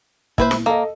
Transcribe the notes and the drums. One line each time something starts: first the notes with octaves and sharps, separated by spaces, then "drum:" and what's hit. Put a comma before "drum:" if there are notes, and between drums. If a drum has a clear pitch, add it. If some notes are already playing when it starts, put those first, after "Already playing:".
A#2 E4 B4 C5, drum: kick
drum: snare E4
A#3 A4 D#5